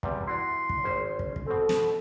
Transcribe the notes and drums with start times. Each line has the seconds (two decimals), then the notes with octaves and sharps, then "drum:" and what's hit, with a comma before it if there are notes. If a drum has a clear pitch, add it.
0.03 E2 C3 G3, drum: kick
0.27 E4 F#4 D5 C6
0.69 drum: kick
0.84 G#1 C#4 C5
1.19 drum: kick
1.36 drum: kick
1.47 B2 C4 A4
1.69 drum: snare